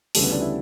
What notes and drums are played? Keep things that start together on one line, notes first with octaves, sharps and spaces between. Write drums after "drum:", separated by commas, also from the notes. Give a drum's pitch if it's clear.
D2 C#3 E3 G3 A3, drum: open hi-hat
B3
D4
E4